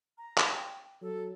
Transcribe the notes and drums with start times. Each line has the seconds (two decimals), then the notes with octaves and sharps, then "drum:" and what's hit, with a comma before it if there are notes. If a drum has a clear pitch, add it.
0.18 A#5
0.37 drum: clap
0.50 G5
1.02 F#3 A4